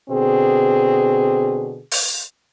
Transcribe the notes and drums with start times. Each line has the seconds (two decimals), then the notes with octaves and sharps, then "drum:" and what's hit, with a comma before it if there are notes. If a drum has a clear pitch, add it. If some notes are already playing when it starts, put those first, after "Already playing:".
0.10 B2 D3 C4 G#4
1.91 drum: open hi-hat